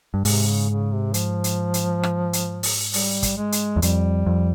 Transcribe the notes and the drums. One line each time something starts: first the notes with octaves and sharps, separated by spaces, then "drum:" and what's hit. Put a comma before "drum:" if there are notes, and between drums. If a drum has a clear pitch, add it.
G2
G#2 C3, drum: open hi-hat
C#3
C#3
C3
F3, drum: hi-hat
drum: hi-hat
drum: hi-hat
drum: rim click
drum: hi-hat
drum: open hi-hat
G3, drum: open hi-hat
drum: kick, hi-hat
G#3
drum: hi-hat
E2
F2 G3, drum: hi-hat
F2